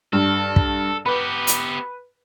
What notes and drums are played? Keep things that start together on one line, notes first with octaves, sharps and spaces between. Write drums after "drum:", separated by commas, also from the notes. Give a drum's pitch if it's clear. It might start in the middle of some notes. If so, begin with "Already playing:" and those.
G2 A4
drum: kick
B3 G4 B4
drum: hi-hat